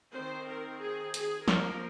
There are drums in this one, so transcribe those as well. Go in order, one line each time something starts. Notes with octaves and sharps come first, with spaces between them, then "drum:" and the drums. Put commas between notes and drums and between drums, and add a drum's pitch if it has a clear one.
D#3 C4 C5
A#4
G#4
G#4, drum: hi-hat
F3 A#3 A#4, drum: snare